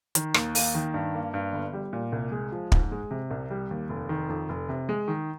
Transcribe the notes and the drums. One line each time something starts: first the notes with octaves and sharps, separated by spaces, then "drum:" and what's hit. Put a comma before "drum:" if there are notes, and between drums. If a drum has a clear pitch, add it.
D#3, drum: hi-hat
D#2, drum: rim click
A#3, drum: open hi-hat
D#3
G2
A#3
G2
G1
G3
A#2
C2
G#3
F3
G#2, drum: kick
G#3
C3
C2
G3
D#2
F1
D#3
F2
F1
C3
G#3
D#3